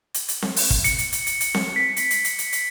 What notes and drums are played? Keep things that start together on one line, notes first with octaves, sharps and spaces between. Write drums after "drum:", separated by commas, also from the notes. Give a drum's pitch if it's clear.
drum: hi-hat
drum: hi-hat
drum: snare C4
drum: open hi-hat
drum: kick
C#7, drum: hi-hat
drum: hi-hat
drum: hi-hat
drum: hi-hat
drum: hi-hat
drum: snare C4
B6
drum: hi-hat
drum: hi-hat
drum: hi-hat
drum: hi-hat
drum: hi-hat